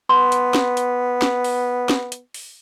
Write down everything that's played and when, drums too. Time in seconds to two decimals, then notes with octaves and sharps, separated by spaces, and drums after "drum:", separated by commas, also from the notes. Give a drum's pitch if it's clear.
0.09 B3 C6
0.32 drum: hi-hat
0.54 drum: snare
0.77 drum: hi-hat
1.22 drum: snare
1.44 drum: open hi-hat
1.89 drum: snare
2.12 drum: hi-hat
2.34 drum: open hi-hat